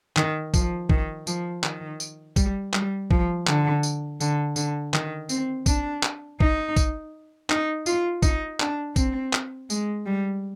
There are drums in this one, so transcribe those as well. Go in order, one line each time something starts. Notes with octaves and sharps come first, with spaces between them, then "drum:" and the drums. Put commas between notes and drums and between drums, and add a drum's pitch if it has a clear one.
D#3, drum: clap
F3, drum: kick A#1, tambourine
D#3, drum: kick A#1
F3, drum: tambourine
D#3, drum: clap
drum: tambourine
G3, drum: kick A#1, tambourine
G3, drum: clap
F3, drum: kick A#1
D3, drum: clap
drum: tambourine
D3, drum: tambourine
D3, drum: tambourine
D#3, drum: clap
C4, drum: tambourine
D4, drum: kick A#1, tambourine
drum: clap
D#4, drum: kick A#1
drum: kick A#1, tambourine
D#4, drum: clap
F4, drum: tambourine
D#4, drum: kick A#1, tambourine
D4, drum: clap
C4, drum: kick A#1, tambourine
drum: clap
G#3, drum: tambourine
G3